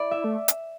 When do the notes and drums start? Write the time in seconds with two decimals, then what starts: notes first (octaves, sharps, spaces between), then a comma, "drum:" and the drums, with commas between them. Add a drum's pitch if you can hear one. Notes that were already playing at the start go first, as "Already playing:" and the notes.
Already playing: E4 D5
0.11 E5
0.24 A3
0.48 drum: hi-hat